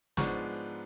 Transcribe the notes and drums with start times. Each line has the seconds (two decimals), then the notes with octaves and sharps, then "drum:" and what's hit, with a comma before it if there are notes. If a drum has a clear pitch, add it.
0.17 G#2 F3 G#3 B3 D4 C#6, drum: snare